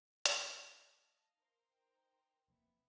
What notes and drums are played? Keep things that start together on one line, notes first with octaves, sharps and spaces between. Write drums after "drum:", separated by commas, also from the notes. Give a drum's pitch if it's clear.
drum: hi-hat
A3 C#5 A#5 A6
D#5 F5 A5
D#4 A#4 C5
G5
F1 F2 A#3 B3 E5